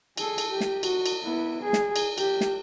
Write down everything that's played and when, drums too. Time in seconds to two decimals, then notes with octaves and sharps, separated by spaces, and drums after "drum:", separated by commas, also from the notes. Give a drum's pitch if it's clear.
0.17 G#4 A4, drum: cymbal
0.38 drum: cymbal
0.50 G4
0.61 drum: snare
0.83 F#4, drum: cymbal
1.06 drum: cymbal
1.24 B3 E4
1.63 G#4
1.73 drum: snare
1.96 drum: cymbal
2.18 G4, drum: cymbal
2.41 drum: snare